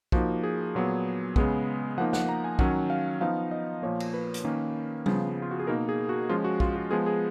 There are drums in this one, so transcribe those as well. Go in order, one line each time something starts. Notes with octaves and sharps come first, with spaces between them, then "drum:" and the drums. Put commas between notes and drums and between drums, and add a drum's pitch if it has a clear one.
F3 A#3 D#4 F#4, drum: kick
G#4
A#2 F#3 B3
C#3 G#3 B3, drum: kick
F3 A#3 D#4 F#5
F#5, drum: snare
A#5
G#5
D#3 F#3 C#4 F#5, drum: kick
F5
F3 B3 D#4 F5
D#5
A#2 F3 A#3 C#5
drum: cymbal
B4
drum: hi-hat
D#3 A#3 C#4
C#3 F3 B3, drum: tom G3
F4
F#4
G#4
B2 A#3 D#4 A#4
G#4
F#4
F3 G#3 C#4 F4
F#4
F4, drum: kick
F#4
F3 G#3 B3 G#4
G#4